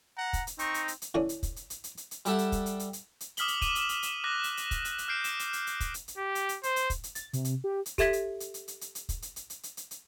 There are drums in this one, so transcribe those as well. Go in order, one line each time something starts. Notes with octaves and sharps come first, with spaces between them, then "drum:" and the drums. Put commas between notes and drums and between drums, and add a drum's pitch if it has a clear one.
F#5 A#5
drum: kick, hi-hat
drum: hi-hat
C4 D#4 C#6, drum: hi-hat
drum: hi-hat
drum: hi-hat
drum: hi-hat
D3 E3 C#4 D4
drum: hi-hat
drum: kick, hi-hat
drum: hi-hat
drum: hi-hat
drum: hi-hat
drum: hi-hat
drum: hi-hat
G3 G4 A4 E5 F#5, drum: hi-hat
drum: hi-hat
drum: kick, hi-hat
drum: hi-hat
drum: hi-hat
drum: hi-hat
drum: hi-hat
D6 D#6 F6 B6 F#7 G7, drum: hi-hat
drum: hi-hat
D6 D#7 E7 F#7, drum: kick, hi-hat
drum: hi-hat
drum: hi-hat
drum: hi-hat
D6 F#6 A#6
drum: hi-hat
drum: hi-hat
drum: kick, hi-hat
drum: hi-hat
drum: hi-hat
F6 G6 C7 D7 E7
E7, drum: hi-hat
drum: hi-hat
drum: hi-hat
drum: hi-hat
drum: kick, hi-hat
drum: hi-hat
drum: hi-hat
G4
drum: hi-hat
drum: hi-hat
C5, drum: hi-hat
drum: hi-hat
drum: kick, hi-hat
drum: hi-hat
A6, drum: hi-hat
C3, drum: hi-hat
drum: hi-hat
G4
drum: hi-hat
G4 A4 E5 G#6 B6, drum: kick, hi-hat
drum: hi-hat
drum: hi-hat
drum: hi-hat
drum: hi-hat
drum: hi-hat
drum: hi-hat
drum: kick, hi-hat
drum: hi-hat
drum: hi-hat
drum: hi-hat
drum: hi-hat
drum: hi-hat
drum: hi-hat